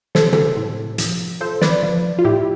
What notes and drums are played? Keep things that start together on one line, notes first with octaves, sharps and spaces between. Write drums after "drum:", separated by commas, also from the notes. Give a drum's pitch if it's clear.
C3 A4 C5, drum: snare
drum: tom
A2
F3, drum: hi-hat
F3 A4 C5
B4 D5, drum: snare
F3
F4
A2 E4 G4